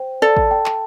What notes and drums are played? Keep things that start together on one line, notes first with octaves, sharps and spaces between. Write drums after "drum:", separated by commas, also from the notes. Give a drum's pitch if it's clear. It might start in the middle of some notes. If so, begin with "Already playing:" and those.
Already playing: C5 G5
A4 D5
drum: kick G#1
G5
drum: clap